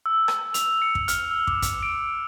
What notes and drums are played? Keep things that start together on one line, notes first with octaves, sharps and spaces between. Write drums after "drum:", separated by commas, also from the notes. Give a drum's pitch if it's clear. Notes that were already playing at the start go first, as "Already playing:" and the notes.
E6
drum: rim click
F7, drum: hi-hat
C#7
drum: kick
F6, drum: hi-hat
E6
D6, drum: kick
drum: kick, hi-hat
D7